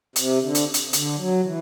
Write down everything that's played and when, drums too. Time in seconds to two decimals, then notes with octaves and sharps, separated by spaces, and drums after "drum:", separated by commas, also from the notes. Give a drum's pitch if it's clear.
0.16 C3, drum: hi-hat
0.42 D3
0.55 drum: hi-hat
0.74 drum: hi-hat
0.87 C3
0.93 D3, drum: hi-hat
1.18 F#3
1.44 E3